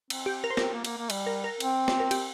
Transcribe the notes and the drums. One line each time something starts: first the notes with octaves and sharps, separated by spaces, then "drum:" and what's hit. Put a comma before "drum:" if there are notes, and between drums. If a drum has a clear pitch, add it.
C4, drum: cymbal
G4
A#4
C5
C4 A#4, drum: snare
A#3
A#3, drum: cymbal
A#3
G3, drum: cymbal
A#4
A#4
C4, drum: cymbal
C5, drum: snare
A#4
G4, drum: cymbal